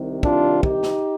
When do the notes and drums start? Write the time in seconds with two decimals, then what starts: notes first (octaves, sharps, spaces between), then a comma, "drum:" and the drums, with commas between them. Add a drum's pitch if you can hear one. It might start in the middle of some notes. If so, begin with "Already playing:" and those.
Already playing: C2 C3 D#3
0.23 D4 F4, drum: kick
0.63 D#4 G4, drum: kick
0.83 drum: snare